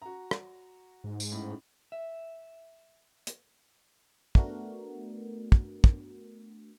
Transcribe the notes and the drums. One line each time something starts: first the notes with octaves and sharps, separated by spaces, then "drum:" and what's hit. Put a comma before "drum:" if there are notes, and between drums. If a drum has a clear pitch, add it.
F#4 A#5
drum: rim click
G#2
drum: tambourine
A2 C#4
E5
drum: hi-hat
A3 B3 D4 F#4 A#4, drum: kick
drum: kick
drum: kick